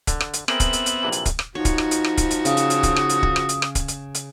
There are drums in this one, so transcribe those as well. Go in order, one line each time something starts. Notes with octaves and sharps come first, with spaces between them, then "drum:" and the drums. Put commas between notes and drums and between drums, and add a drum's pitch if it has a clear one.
D3, drum: kick, hi-hat
drum: rim click
drum: hi-hat
B3 C4 G#4 A#4 E5 G5 F#7, drum: rim click
drum: kick, hi-hat
drum: hi-hat
drum: hi-hat
A#1 C3 E3
drum: hi-hat
drum: kick, hi-hat
drum: rim click
F3 D#4 F#4 C#5
drum: kick, hi-hat
drum: rim click
drum: hi-hat
drum: rim click
drum: kick, hi-hat
drum: hi-hat
C#3 D#6, drum: hi-hat
drum: hi-hat
drum: hi-hat
drum: kick, hi-hat
drum: rim click
drum: hi-hat
drum: kick
drum: rim click
drum: hi-hat
drum: rim click
drum: kick, hi-hat
drum: hi-hat
drum: hi-hat